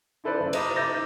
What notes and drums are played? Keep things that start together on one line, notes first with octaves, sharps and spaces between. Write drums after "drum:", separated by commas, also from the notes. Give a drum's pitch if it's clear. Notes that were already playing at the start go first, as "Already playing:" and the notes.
D#4 E4 A4 B4 C5 D5
F#1
C5 D#5 A#5 D6, drum: cymbal
E5 D6 E6 G6 A6 A#6
D#4